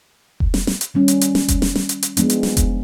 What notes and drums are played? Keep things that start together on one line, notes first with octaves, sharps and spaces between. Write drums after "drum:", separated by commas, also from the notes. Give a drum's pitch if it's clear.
drum: kick F1
drum: snare
drum: snare
drum: hi-hat
D#3 G3 C#4
drum: hi-hat
drum: hi-hat
drum: snare
drum: kick F1, hi-hat
drum: snare
drum: snare
drum: hi-hat
drum: hi-hat
F3 G#3 B3 D4, drum: hi-hat
drum: hi-hat
drum: snare
drum: kick F1, hi-hat